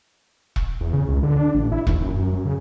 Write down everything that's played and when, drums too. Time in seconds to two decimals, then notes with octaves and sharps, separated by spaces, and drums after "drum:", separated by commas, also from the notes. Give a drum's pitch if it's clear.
0.56 drum: kick E1
0.81 E2
0.93 C#3
1.08 C#2
1.23 D3
1.36 D4
1.54 A1
1.72 E4
1.87 D#2, drum: kick E1
2.01 F#2
2.17 F#2
2.32 F#2
2.45 C#3